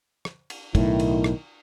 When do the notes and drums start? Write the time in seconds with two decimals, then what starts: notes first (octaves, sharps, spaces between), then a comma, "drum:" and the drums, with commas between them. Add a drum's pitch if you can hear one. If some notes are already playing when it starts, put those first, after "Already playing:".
0.25 drum: rim click
0.50 drum: cymbal
0.75 B1 A2 D#3 E4, drum: kick, cymbal
1.00 drum: cymbal
1.24 drum: rim click